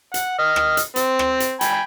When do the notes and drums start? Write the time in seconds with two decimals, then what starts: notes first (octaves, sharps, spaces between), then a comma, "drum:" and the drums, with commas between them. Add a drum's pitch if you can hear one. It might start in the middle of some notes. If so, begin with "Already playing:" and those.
0.14 F#5, drum: hi-hat
0.39 D#5 F6
0.56 drum: rim click
0.77 drum: hi-hat
0.96 C4, drum: hi-hat
1.19 drum: rim click
1.40 drum: hi-hat
1.61 G5 G#5 B5, drum: hi-hat